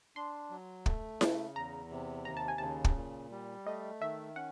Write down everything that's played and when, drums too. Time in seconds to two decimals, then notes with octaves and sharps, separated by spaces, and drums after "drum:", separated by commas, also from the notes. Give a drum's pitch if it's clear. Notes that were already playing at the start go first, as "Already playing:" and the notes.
0.16 D4 C6
0.50 F#3
0.86 A3, drum: kick
1.21 C#3, drum: snare E4
1.56 E2 A#5
1.91 C3
2.25 D#2 A#5
2.37 A5
2.48 G#5
2.58 C#3 A5
2.84 drum: kick
2.96 A#2
3.31 G3
3.66 A3 D#5
4.01 D#3 E5
4.36 C#4 F#5